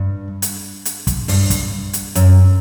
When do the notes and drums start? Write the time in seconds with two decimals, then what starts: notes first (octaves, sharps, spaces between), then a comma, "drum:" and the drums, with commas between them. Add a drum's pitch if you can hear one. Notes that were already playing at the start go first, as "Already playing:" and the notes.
Already playing: G2
0.42 drum: hi-hat
0.85 drum: hi-hat
1.07 drum: kick, hi-hat
1.28 G2, drum: open hi-hat
1.50 drum: kick, hi-hat
1.93 drum: hi-hat
2.15 F#2, drum: hi-hat